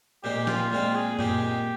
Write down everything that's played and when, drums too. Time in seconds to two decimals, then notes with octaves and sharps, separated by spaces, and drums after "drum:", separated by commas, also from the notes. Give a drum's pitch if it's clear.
0.24 A#2 G#3 C4 G4
0.47 F4, drum: snare
0.71 A#2 G#3 C4 F4
0.95 G#4
1.19 A#2 G#3 C4 G4, drum: tom F#2